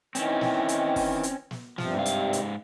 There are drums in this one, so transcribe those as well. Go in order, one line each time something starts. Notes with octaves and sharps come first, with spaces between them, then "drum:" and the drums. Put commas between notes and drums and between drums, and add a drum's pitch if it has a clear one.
D#3 E3 C4 C#4, drum: hi-hat
drum: snare
drum: hi-hat
drum: kick, open hi-hat
drum: hi-hat
drum: snare
G2 C3 F3, drum: snare
G#2 F5
drum: hi-hat
drum: hi-hat